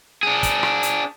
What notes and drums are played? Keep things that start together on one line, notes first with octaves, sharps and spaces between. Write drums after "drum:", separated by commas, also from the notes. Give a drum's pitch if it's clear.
D4 G#4
drum: kick, hi-hat
drum: rim click
drum: hi-hat